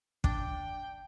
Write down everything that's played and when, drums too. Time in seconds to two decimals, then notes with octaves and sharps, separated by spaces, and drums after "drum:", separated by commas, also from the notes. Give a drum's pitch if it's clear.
0.24 D4 G5, drum: kick